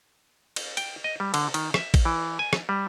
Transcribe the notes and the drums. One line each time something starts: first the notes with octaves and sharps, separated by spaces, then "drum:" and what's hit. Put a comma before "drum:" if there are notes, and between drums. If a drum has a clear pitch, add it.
drum: cymbal
G5, drum: cymbal
D#5
G3
D3, drum: cymbal
D#3, drum: cymbal
E5, drum: rim click
drum: kick A1, cymbal
E3
G#5
drum: rim click
G3